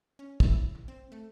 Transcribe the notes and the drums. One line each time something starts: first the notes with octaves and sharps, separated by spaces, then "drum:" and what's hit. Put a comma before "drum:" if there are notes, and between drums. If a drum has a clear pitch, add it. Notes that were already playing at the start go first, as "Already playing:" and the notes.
C#4
E4, drum: kick
A#1
C4
A3